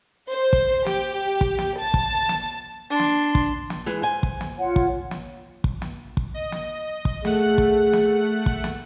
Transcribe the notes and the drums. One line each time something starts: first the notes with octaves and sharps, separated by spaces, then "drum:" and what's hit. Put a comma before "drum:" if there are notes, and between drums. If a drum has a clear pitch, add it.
C5
drum: kick
G4, drum: snare
drum: kick
drum: snare
A5
drum: kick
drum: snare
D4 C6
drum: snare
drum: kick
drum: snare
E3 G#3 G#4
C5 G#5
drum: kick
drum: snare
F4 C#5 F#5
drum: kick
drum: snare
drum: kick
drum: snare
drum: kick
D#5
drum: snare
drum: kick
A3 G#4 F#5 F#6, drum: snare
drum: kick
drum: snare
drum: kick
drum: snare